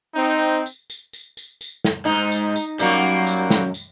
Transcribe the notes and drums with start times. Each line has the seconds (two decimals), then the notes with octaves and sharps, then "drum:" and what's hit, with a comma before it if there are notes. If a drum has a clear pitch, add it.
0.15 C4 D#4
0.66 drum: tambourine
0.90 drum: tambourine
1.13 drum: tambourine
1.37 drum: tambourine
1.61 drum: tambourine
1.85 drum: snare
2.05 G#2 D#4
2.32 drum: tambourine
2.56 drum: tambourine
2.79 F#2 G3 A#3 F#4, drum: tambourine
3.27 drum: tambourine
3.50 drum: snare
3.74 drum: tambourine